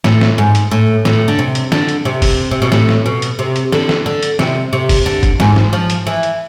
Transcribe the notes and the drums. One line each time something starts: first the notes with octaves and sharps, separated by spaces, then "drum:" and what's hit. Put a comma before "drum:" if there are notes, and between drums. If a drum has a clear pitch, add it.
A2, drum: snare
drum: snare
G#2
drum: hi-hat
A2
A2, drum: snare
D3
C3
drum: hi-hat
D3, drum: snare
drum: hi-hat
C3
drum: kick, open hi-hat
C3
B2
A2, drum: snare
drum: snare
B2
drum: hi-hat
C3
drum: hi-hat
D3, drum: snare
drum: snare
D3
drum: hi-hat
C3, drum: snare
C3
drum: kick, open hi-hat
D3
drum: kick, hi-hat
G#2, drum: snare
drum: snare
F3
drum: hi-hat
E3
drum: hi-hat